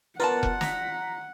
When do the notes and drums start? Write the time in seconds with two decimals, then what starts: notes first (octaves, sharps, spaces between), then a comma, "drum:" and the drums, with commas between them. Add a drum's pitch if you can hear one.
0.20 B3 F4 A#4 D5 F#5 A5
0.43 drum: kick F1
0.61 A#5 B6, drum: snare